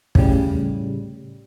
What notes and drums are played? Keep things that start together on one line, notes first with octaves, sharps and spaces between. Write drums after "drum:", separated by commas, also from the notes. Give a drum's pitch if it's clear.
A2 C#3 G3, drum: kick